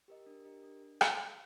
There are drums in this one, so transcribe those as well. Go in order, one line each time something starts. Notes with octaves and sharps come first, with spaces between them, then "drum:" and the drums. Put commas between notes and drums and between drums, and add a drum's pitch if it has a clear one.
G4 A#4 D#5
D4
G4 A#4 D#5
D4
drum: rim click